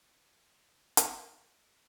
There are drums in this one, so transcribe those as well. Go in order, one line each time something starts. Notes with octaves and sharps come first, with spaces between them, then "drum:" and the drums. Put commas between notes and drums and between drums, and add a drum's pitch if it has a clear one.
G2 D#3 B3 C4 F5
drum: hi-hat